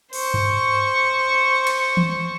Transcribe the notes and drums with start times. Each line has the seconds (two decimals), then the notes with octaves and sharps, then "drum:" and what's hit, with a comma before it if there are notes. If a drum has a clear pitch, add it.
0.13 C5 C#6, drum: open hi-hat
0.34 drum: tom G2
1.67 drum: cymbal
1.97 drum: tom E3